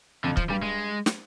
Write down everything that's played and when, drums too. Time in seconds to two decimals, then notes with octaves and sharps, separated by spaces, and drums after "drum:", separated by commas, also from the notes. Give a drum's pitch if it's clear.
0.24 F2 D3
0.37 F3, drum: kick
0.50 G2 G3
0.62 G#3
1.06 drum: snare